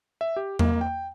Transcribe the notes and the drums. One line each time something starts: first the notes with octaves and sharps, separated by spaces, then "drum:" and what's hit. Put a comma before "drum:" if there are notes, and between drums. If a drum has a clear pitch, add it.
E5
G4
A#3, drum: tom E2
G5